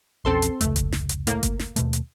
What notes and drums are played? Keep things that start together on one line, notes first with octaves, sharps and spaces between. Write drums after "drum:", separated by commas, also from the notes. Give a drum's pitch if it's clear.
A#1 E2 C4 C#4 A4 C6
drum: hi-hat
F1 C#2 A3, drum: hi-hat
drum: kick G1, hi-hat
drum: snare
drum: hi-hat
A2 A#3, drum: hi-hat
drum: kick G1, hi-hat
drum: snare
D#2 B2 A3, drum: hi-hat
drum: hi-hat